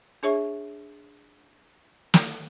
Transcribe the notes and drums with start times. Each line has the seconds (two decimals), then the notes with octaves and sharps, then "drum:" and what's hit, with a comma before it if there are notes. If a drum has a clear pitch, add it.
0.23 D4 G#4 C#5 E5 C#6
2.14 drum: snare